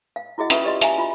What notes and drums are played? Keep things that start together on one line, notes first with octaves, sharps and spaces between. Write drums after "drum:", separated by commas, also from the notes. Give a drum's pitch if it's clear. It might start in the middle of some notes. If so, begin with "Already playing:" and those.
F5
E4 F#4 G#4 D#5 F#5
C#4 F4 B4 E5 C#6 D#6, drum: hi-hat
G4 D5 D#5 C6
E5 F5 G#5 A#5, drum: hi-hat
F4 B5